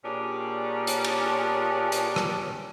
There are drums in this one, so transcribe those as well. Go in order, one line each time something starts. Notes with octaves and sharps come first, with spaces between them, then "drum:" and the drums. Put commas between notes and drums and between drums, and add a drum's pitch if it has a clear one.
A#2 C#4 D4 G4 G#4
drum: hi-hat
drum: cymbal
drum: hi-hat
drum: rim click